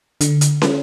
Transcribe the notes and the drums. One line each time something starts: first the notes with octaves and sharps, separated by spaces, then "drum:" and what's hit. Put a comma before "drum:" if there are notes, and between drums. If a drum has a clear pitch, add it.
D3, drum: hi-hat
drum: hi-hat
drum: snare